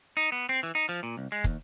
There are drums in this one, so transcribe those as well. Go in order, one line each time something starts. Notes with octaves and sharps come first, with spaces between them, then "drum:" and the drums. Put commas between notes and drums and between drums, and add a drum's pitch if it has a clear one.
D#4
B3
C4
E3
D#4, drum: hi-hat
F3
A#2
C2
G#3
D#2, drum: kick, hi-hat